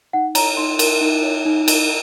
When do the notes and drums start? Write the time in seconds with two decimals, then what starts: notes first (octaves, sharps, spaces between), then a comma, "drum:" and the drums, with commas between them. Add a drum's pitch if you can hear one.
0.13 D#4 F#5
0.35 C#5 A#5, drum: cymbal
0.57 D#4 C6
0.79 A#4, drum: cymbal
1.01 D#4
1.23 C#5
1.45 D#4
1.68 A#4, drum: cymbal